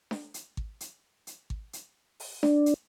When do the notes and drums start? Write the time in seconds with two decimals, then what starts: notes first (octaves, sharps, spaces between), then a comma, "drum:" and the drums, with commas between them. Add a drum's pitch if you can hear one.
0.11 drum: snare D4
0.34 drum: hi-hat
0.57 drum: kick G#1
0.80 drum: hi-hat
1.27 drum: hi-hat
1.50 drum: kick G#1
1.73 drum: hi-hat
2.20 drum: open hi-hat
2.43 D4, drum: snare D4
2.66 drum: hi-hat